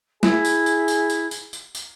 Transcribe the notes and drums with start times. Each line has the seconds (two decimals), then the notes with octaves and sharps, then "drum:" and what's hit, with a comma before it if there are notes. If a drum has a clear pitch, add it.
0.23 E4 G#4, drum: snare
0.45 drum: tambourine
0.66 drum: tambourine
0.88 drum: tambourine
1.10 drum: tambourine
1.31 drum: tambourine
1.53 drum: tambourine
1.75 drum: tambourine